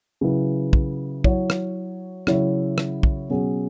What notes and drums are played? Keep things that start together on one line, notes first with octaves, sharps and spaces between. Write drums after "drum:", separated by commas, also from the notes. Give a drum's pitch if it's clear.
C#3 F#3 E4 B4
drum: kick
F#3 E4 C#5, drum: kick
drum: rim click
C#3 F#3 E4 C#5 E5, drum: rim click
drum: rim click
drum: kick
B2 F#3 C#4 G#4